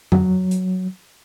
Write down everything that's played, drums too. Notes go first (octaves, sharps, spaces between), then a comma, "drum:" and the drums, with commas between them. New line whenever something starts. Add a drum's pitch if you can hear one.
F#3, drum: tom F2
drum: hi-hat